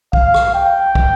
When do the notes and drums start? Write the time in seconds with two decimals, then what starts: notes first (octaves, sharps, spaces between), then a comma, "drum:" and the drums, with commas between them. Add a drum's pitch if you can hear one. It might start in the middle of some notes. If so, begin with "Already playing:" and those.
0.13 F5, drum: kick
0.34 drum: rim click
0.55 G5
0.95 drum: kick